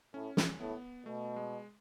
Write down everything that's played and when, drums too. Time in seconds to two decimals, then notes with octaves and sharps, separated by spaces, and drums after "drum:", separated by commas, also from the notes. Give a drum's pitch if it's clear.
0.14 A2 C#4
0.37 drum: snare
0.60 A2 B3
1.06 B2 A3
1.36 G#3